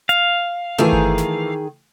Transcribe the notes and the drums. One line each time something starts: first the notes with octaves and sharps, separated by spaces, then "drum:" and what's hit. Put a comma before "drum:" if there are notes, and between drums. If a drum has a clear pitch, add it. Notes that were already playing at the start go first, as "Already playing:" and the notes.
F5, drum: hi-hat
D#3 E3 A3 G#4
drum: kick G1
drum: snare